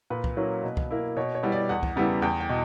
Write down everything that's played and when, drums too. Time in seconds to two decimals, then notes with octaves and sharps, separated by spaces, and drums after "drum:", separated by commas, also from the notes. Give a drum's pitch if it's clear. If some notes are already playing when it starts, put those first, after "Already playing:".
0.10 A#2 B4
0.24 drum: kick
0.37 F#3 A#3 C#4 E4
0.63 B2
0.77 drum: kick
0.91 A#3 E4
1.16 B2 C#5
1.35 C#5
1.43 G3 B3 E4
1.52 D5
1.69 E2 F#5
1.83 drum: kick
1.96 C#3 G3 B3 E4
2.22 E2 G5
2.40 G5
2.49 B2